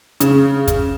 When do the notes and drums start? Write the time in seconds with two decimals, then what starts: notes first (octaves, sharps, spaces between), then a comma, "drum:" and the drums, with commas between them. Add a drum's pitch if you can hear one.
0.20 C#3, drum: hi-hat
0.68 drum: kick, hi-hat